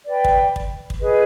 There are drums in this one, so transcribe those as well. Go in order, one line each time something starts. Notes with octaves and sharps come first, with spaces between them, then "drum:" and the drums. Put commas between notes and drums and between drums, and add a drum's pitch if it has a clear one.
B4 D5 G5
drum: kick
drum: kick
drum: kick
G#4 B4 D#5